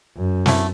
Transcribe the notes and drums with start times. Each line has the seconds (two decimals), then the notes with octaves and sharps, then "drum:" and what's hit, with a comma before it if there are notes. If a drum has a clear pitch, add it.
0.17 F#2
0.46 D3 A3 E4 A4, drum: snare